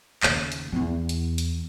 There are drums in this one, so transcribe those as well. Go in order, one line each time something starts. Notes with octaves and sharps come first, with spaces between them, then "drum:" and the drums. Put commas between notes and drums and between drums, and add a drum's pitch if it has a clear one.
D#2 C#3, drum: clap
drum: hi-hat
E2 E4
drum: hi-hat
drum: hi-hat